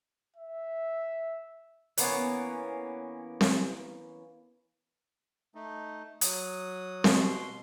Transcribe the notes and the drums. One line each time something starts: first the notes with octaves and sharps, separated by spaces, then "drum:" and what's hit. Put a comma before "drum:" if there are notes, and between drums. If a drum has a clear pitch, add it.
E5
E3 A#3 B3 C#4, drum: hi-hat
drum: snare C4
A3 D#4
F#3 D#6, drum: hi-hat
B2 C6, drum: snare C4